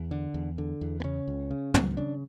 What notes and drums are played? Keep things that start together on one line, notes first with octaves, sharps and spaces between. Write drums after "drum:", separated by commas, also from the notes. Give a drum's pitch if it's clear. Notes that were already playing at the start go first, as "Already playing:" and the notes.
Already playing: E2
D3
E2
D3
E2
B3
C#3 C#4
C#2
C#3
C#2, drum: tom
C#3 D4